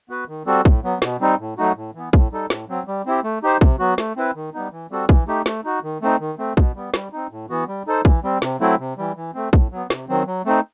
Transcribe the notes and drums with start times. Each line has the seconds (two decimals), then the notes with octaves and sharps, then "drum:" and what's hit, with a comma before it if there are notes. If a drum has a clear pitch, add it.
0.09 B3 F#4 B4
0.28 D#3
0.46 G3 C4 F#4 A4
0.65 A2, drum: kick
0.83 F#3 B3
1.02 B2, drum: snare
1.20 G3 C4 D#4
1.39 A2
1.58 F#3 A3 D#4 F#4
1.76 A2
1.95 E3 B3
2.13 A2, drum: kick
2.31 G3 D#4 A4
2.50 A2, drum: snare
2.68 F#3 C4
2.87 G3
3.06 C4 E4 G4
3.24 A3
3.43 D#4 G4 C5
3.61 C3, drum: kick
3.79 F#3 B3 F#4
3.98 A3, drum: snare
4.17 C4 E4 B4
4.35 D#3
4.54 G3 B3 D#4
4.72 E3
4.91 G3 C4 F#4 A4
5.09 E3, drum: kick
5.27 A3 D#4 G4
5.46 A3, drum: snare
5.64 D#4 F#4
5.83 D#3
6.02 A3 C4 D#4
6.20 D#3
6.38 A3 C4
6.57 B2, drum: kick
6.76 G3 B3
6.94 G3, drum: snare
7.12 C4 D#4
7.31 A2
7.49 E3 B3 F#4
7.68 G3
7.87 D#4 A4 C5
8.05 E3, drum: kick
8.23 G3 C4
8.42 C3, drum: snare
8.61 F#3 A3 C4 E4
8.79 C3
8.97 E3 G3
9.16 E3
9.34 A3 C4
9.53 A2, drum: kick
9.72 F#3 B3
9.90 C3, drum: snare
10.08 D#3 F#3 C4
10.27 F#3
10.45 A3 C4 D#4